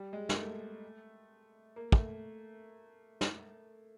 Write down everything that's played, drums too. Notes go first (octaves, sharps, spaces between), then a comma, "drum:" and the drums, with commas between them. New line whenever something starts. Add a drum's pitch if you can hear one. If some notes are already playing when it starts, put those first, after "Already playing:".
Already playing: G3
G#3
A#3, drum: snare
A3
A#3
A3, drum: kick
drum: snare